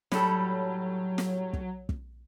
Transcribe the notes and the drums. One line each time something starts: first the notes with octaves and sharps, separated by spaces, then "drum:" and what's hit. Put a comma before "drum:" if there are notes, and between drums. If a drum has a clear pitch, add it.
A2 F#3 G3 A4, drum: snare
drum: snare
drum: kick
drum: kick